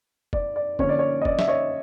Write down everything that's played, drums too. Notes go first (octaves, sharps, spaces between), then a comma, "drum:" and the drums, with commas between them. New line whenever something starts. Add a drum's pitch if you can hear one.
D5, drum: kick
D5
D3 F3 A#3 C#4 C#5, drum: kick
D5
C#5
D#5
D5, drum: kick
E5, drum: snare
C#5 D#5